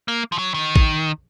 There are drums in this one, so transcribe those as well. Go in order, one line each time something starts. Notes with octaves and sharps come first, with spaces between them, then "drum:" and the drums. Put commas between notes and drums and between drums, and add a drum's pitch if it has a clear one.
A#3
F3
F#3
D#3
drum: kick